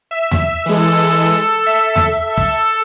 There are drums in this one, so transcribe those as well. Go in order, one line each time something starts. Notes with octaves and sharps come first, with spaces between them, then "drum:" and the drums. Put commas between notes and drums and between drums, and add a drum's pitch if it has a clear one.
E5
drum: tom E2
E3 G#3 A4
E5
drum: tom E2
A4
drum: kick